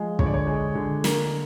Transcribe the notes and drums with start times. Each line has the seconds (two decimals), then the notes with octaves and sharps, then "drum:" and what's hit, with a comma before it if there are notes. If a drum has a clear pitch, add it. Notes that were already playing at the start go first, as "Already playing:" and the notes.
Already playing: F3 G#3
0.19 D3 C#5, drum: kick
0.26 D5
0.34 C#5
0.47 G#3
0.75 D3
1.04 A#3, drum: snare